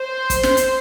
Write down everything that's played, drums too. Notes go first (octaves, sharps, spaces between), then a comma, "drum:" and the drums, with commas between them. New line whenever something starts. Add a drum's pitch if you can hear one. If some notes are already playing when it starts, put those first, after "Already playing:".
Already playing: C5
drum: kick, hi-hat
drum: snare
drum: hi-hat